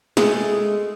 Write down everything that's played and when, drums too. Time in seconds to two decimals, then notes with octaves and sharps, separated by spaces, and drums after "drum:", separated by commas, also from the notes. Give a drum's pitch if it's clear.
0.17 G#3 A3 G#4, drum: snare